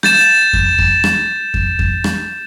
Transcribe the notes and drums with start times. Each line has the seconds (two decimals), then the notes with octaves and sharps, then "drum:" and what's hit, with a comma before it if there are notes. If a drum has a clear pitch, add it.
0.03 G6 A6 E7, drum: rim click
0.53 drum: kick F2
0.79 drum: kick F2
1.04 drum: rim click
1.54 drum: kick F2
1.79 drum: kick F2
2.04 drum: rim click